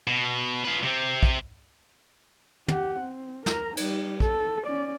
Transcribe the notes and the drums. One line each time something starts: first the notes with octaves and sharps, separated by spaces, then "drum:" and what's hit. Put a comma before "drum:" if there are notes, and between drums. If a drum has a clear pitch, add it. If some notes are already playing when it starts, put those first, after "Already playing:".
B2
F4 B4
C3 C4
drum: kick
G4 F#5, drum: tom
C4
A#4 A#5, drum: snare
G3 D#4, drum: cymbal
A4, drum: kick
C#4 D5